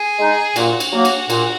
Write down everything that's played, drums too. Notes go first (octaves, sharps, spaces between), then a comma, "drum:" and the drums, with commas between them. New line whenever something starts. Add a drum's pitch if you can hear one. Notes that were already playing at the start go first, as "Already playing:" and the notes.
Already playing: G#4
G#3 D#4
A#2 F#4, drum: cymbal
drum: cymbal
F#3 A#3 F#4
drum: cymbal
A#2, drum: cymbal